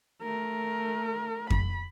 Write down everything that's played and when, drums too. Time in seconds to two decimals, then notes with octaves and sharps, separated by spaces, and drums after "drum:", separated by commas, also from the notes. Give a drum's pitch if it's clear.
0.22 A3 A#4
1.50 B5, drum: kick F2